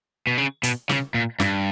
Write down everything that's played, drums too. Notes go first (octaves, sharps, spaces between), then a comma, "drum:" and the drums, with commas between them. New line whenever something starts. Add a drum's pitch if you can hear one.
B2
C#3
B2, drum: hi-hat
C#3, drum: snare
A#2
G2, drum: snare